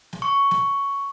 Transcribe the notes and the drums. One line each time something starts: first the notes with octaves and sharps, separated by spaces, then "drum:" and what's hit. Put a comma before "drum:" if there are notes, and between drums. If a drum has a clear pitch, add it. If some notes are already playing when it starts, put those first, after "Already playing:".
drum: snare
C#6
drum: snare